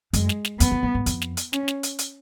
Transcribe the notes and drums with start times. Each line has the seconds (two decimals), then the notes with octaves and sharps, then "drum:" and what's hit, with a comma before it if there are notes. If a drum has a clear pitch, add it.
0.13 F#2 G#3, drum: hi-hat
0.29 drum: snare
0.45 drum: snare
0.60 F2 B3, drum: hi-hat
0.71 F2
0.83 F#2
0.95 G#2
1.06 F2, drum: hi-hat
1.22 drum: snare
1.37 drum: hi-hat
1.53 C#4, drum: snare
1.68 drum: snare
1.83 drum: hi-hat
1.99 drum: hi-hat